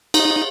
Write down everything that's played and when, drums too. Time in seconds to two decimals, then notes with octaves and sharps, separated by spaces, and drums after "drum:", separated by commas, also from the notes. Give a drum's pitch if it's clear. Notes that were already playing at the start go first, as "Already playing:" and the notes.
0.14 D#4, drum: cymbal